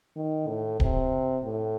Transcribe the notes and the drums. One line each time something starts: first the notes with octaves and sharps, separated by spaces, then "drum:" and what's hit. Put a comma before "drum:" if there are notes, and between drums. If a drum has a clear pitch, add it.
D#3
A2
C3, drum: kick D1
A2